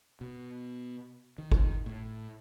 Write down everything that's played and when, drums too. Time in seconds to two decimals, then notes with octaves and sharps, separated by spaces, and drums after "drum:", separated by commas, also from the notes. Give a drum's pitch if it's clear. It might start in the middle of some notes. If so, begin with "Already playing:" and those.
0.21 B2
1.38 D#3
1.52 drum: kick G1
1.86 A2